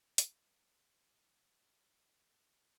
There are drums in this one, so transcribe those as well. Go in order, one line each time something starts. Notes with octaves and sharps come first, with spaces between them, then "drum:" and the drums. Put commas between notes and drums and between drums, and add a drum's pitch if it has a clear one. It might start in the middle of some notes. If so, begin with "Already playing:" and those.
E3 G#4, drum: hi-hat
A4 C#5 D#5 C6